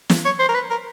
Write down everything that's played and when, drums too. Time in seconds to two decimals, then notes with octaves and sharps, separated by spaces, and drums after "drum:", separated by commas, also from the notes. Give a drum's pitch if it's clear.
0.10 drum: snare
0.25 C#5
0.39 C5
0.49 A#4
0.54 B4
0.70 A#4